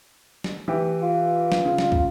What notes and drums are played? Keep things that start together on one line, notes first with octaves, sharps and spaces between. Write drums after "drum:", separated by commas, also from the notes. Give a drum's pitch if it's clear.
drum: snare
E3 G4
F4
drum: snare
C#3
drum: snare
drum: kick